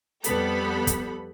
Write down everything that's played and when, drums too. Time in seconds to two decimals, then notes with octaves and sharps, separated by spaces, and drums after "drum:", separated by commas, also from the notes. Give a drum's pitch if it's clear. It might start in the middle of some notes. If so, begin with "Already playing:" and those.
0.24 F2 G3 B3 A4 B5, drum: hi-hat
0.87 drum: kick, hi-hat